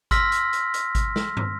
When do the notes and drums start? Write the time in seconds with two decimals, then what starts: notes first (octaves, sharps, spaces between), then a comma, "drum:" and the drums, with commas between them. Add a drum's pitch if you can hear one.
0.11 C6 E6 F6 A#6 B6, drum: kick G#1, hi-hat
0.32 drum: hi-hat
0.53 drum: hi-hat
0.74 drum: hi-hat
0.95 drum: kick G#1, hi-hat
1.16 drum: snare
1.37 drum: tom